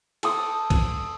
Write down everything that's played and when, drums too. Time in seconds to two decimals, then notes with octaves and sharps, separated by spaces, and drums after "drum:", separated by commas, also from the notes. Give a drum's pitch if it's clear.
0.23 A4 C6 D#6, drum: cymbal
0.70 drum: kick, cymbal